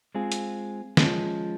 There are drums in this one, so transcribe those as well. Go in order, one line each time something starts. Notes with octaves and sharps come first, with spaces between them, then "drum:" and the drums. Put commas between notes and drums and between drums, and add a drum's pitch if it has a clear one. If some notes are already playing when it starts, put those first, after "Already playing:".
G#3 C4 F4 G#4
drum: hi-hat
F3 G#3 C#4, drum: snare